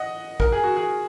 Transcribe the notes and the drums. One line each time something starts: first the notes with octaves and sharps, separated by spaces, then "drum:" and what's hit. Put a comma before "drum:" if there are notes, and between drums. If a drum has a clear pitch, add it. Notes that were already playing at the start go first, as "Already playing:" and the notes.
Already playing: D#5 F#5
A#4, drum: kick
G#4
F#4
G#4